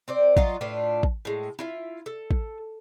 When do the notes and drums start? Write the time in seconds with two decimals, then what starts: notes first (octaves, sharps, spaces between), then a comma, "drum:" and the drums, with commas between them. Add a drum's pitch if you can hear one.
0.08 C4 C5 D5
0.37 F#3 F4 D#5, drum: kick
0.61 A2 D4 F4 B4
1.03 drum: kick
1.25 A2 G#3
1.59 E4 F4 E5
2.06 A4
2.31 drum: kick